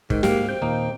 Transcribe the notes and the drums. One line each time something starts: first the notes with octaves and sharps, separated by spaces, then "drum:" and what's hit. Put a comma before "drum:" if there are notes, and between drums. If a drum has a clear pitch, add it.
G#2 D#3, drum: kick
A#3 F#4 G4, drum: snare
C4 G6
D#2 A#2 A#3 D#4